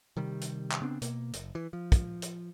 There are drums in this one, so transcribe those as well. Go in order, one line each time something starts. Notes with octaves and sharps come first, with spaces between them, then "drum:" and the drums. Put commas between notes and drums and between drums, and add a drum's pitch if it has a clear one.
C3 D#3 G3
drum: hi-hat
drum: clap
C#3 B3 C4 D4
B2 A#3, drum: hi-hat
F#1, drum: hi-hat
E3
F3
drum: kick, hi-hat
drum: hi-hat